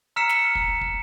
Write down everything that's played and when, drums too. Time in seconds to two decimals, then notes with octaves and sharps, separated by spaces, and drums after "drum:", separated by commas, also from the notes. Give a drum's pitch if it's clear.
0.16 A#5 E6 F6 B6 C#7 E7
0.29 drum: snare
0.55 drum: kick
0.81 drum: kick